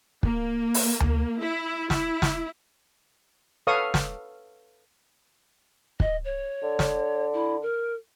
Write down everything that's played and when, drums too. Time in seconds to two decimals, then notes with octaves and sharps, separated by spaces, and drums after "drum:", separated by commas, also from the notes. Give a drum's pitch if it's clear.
0.23 A#3, drum: kick
0.74 drum: open hi-hat
1.00 drum: tom D2
1.39 E4
1.90 E4, drum: snare
2.22 drum: snare
3.67 A4 B4 C#5 F5 C#6 D#6
3.94 drum: snare
6.00 D#5, drum: kick
6.24 C#5
6.63 D3
6.79 drum: snare
7.33 E4
7.62 A#4